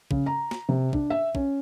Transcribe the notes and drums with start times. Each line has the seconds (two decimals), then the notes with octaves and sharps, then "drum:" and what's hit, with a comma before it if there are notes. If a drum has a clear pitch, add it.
0.11 C#3, drum: kick
0.26 A#5
0.51 drum: snare
0.69 C3
0.93 D4, drum: kick
1.10 E5
1.35 C#4, drum: kick